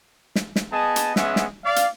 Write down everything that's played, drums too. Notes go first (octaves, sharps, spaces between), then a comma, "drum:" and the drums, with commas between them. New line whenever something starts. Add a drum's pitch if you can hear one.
drum: snare
drum: snare
B3 G#4 D#5 A5
drum: hi-hat
G#3 B3 C#4 E5 F#5, drum: snare
drum: snare
D5 F5
drum: hi-hat